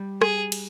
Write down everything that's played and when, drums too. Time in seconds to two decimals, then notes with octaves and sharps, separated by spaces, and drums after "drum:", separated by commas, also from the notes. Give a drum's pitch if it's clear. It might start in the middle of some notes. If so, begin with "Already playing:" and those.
Already playing: G3
0.22 G#4, drum: rim click
0.52 drum: cymbal